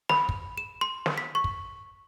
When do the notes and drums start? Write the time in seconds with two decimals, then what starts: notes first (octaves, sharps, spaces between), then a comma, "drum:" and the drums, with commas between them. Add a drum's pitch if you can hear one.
0.09 B5, drum: snare
0.29 drum: kick
0.58 E7
0.81 C6
1.06 drum: snare
1.18 B6
1.35 C#6
1.44 drum: kick